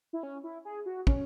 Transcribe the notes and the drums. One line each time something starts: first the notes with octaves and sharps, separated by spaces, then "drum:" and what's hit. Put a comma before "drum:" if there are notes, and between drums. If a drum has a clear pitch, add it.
E4
C#4
E4
G#4
F#4
C#4, drum: kick